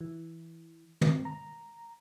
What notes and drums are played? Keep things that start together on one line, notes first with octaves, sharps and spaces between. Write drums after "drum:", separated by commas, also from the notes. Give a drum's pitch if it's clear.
E3
C4, drum: tom
A#5